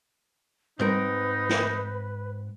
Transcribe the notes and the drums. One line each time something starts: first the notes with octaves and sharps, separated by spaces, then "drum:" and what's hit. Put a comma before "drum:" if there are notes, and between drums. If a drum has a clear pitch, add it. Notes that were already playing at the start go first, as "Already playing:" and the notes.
G#2 C4 D#4 A#4 B4, drum: tom G3
drum: snare